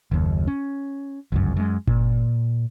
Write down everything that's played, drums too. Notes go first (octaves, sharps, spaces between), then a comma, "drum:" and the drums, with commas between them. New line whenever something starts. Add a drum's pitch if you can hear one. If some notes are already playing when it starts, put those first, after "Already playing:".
F#1 D#2
C#4
G1 C#2 F#2
F#2 G#3
A#2, drum: kick G1